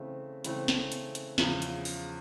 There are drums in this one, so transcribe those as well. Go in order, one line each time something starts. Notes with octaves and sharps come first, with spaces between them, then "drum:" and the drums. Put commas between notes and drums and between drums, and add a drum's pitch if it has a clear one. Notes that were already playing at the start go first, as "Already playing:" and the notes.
Already playing: C#3 E3 A3 C4
C#3 E3 A3 C4, drum: hi-hat
drum: snare
drum: hi-hat
drum: hi-hat
E2 C#3 F3, drum: snare
drum: hi-hat
drum: open hi-hat